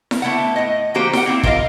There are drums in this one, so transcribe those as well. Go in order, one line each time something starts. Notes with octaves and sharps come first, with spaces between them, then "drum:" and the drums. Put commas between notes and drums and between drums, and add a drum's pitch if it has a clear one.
drum: snare E4
D3 A3 B3 E4 B4 F#5
A2 D#5
D3 F3 A#3 F#4 G4 C5
G4 F#5, drum: snare E4
A#3 C4 E4
F4 A#4 B4 D5 D#5 F5, drum: kick